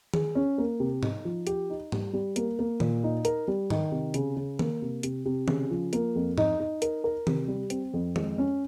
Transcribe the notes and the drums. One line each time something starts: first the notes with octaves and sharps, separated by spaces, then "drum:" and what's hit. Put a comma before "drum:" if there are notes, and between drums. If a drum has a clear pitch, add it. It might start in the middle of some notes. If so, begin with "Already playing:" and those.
G#4, drum: tom D#3
C#4
A#3
C3
D#4, drum: tom
F3
G4, drum: hi-hat
D#4
G3, drum: tom G#2
G3
A#3, drum: hi-hat
A#3
A#2, drum: tom D#3
D#4
A#4, drum: hi-hat
G3
D#3, drum: tom
C3
C#3, drum: hi-hat
C#3
A#3, drum: tom D#3
C3
C3, drum: hi-hat
C3
C#3, drum: tom D#3
F3
A#3, drum: hi-hat
F2
D#4, drum: tom
D#4
A#4, drum: hi-hat
A#4
C3, drum: tom D#3
G3
C4, drum: hi-hat
F2
G#3, drum: tom D#3
C#4